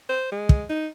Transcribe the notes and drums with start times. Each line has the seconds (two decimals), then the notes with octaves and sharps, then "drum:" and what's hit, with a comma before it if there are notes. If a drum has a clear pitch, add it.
0.09 C5
0.32 G#3
0.49 drum: kick
0.69 D#4